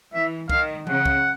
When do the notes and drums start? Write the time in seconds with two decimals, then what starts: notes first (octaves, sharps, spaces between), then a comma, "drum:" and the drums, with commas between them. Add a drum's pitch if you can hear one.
0.13 E3 E5
0.50 D#3 F5, drum: kick C2
0.87 C#3 F#5, drum: tom E3
1.06 drum: kick C2